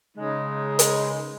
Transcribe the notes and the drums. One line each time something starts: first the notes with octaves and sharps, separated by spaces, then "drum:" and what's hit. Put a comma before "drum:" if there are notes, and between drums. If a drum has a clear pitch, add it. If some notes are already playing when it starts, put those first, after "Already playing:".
C#3 G#3 D#4
drum: hi-hat